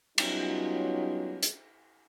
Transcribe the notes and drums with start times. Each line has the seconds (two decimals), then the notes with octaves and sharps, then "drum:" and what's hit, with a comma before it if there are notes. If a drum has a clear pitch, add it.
0.18 F#3 G3 B3 C#4 D#4 F4, drum: cymbal
1.43 drum: hi-hat